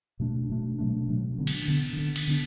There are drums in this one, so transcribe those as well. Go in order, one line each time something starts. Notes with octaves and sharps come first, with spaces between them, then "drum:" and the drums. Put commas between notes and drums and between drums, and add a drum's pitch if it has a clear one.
B2 F#3 A3 D4
B2 F#3 A3 D4
B2 F#3 A3 D4
B2 F#3 A3 D4
D3 B3 D4
drum: cymbal
D3 B3 D4
D3 B3 D4
drum: cymbal
D3 B3 D4